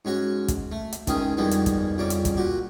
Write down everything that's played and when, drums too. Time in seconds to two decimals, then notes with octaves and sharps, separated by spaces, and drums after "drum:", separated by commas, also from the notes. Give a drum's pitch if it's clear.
0.05 G#2 C#4 F#4 C#6
0.48 drum: kick, hi-hat
0.72 A3
0.92 drum: hi-hat
1.07 C#2 D#3 C#4 G#4 G5 D#6, drum: kick, hi-hat
1.37 F2 D#3 E3 G3 G#3 B3
1.51 drum: hi-hat
1.66 drum: kick, hi-hat
1.98 F2 C#3 G3 D5
2.10 drum: hi-hat
2.25 drum: kick, hi-hat
2.37 A#2 F#4 G4